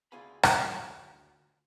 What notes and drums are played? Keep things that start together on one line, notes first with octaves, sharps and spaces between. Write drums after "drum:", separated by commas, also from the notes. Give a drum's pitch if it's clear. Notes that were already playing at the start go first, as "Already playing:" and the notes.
D2 F4 G#4 F5 G#5 B5
drum: rim click